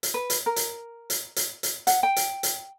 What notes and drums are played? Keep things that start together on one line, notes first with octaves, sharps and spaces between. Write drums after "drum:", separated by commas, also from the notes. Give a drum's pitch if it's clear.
drum: hi-hat
B4
drum: hi-hat
A#4
drum: hi-hat
drum: hi-hat
drum: hi-hat
drum: hi-hat
F#5, drum: hi-hat
G5
drum: hi-hat
drum: hi-hat